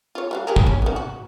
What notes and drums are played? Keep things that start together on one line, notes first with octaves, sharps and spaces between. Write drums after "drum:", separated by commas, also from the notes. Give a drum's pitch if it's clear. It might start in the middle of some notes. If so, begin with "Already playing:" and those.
F4 C#5
G3 F#4 F5
G4 G#4 A#4
drum: kick
C#4
D#3 B3
F#4